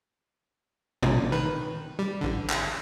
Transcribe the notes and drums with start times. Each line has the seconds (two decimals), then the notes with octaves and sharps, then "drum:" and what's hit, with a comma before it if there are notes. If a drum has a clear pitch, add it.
1.03 A1 A#2, drum: tom A#2
1.32 D#3 B4
1.99 G3
2.21 A1 D3
2.50 drum: clap